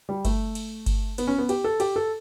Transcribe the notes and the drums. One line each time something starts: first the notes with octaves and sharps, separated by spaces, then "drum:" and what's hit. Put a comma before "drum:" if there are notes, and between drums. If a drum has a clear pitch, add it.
G3
A3, drum: kick G1, cymbal
drum: cymbal
drum: kick G1, cymbal
B3, drum: cymbal
C#4
B3
G4, drum: cymbal
A4
G4, drum: cymbal
A4